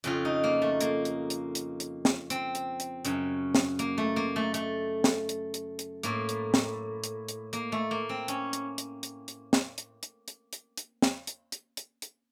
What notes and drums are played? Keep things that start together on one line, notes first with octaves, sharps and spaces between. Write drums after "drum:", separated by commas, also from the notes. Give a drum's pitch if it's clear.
F2 C#3 F4, drum: hi-hat
D#4
A#3
A3
A#3, drum: hi-hat
drum: hi-hat
drum: hi-hat
drum: hi-hat
drum: hi-hat
drum: snare
C4, drum: hi-hat
drum: hi-hat
drum: hi-hat
F#2 C#3, drum: hi-hat
drum: snare
A#3, drum: hi-hat
A3
A#3
A3
A3, drum: hi-hat
drum: snare
drum: hi-hat
drum: hi-hat
drum: hi-hat
A2 A#3, drum: hi-hat
drum: hi-hat
drum: snare
drum: hi-hat
drum: hi-hat
A#3, drum: hi-hat
A3
A#3
C4
C#4, drum: hi-hat
drum: hi-hat
drum: hi-hat
drum: hi-hat
drum: hi-hat
drum: snare
drum: hi-hat
drum: hi-hat
drum: hi-hat
drum: hi-hat
drum: hi-hat
drum: snare
drum: hi-hat
drum: hi-hat
drum: hi-hat
drum: hi-hat